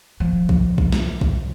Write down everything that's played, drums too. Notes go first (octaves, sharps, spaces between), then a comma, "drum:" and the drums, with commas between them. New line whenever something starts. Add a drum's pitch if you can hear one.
F3
drum: kick B1
drum: kick B1
drum: snare
drum: kick B1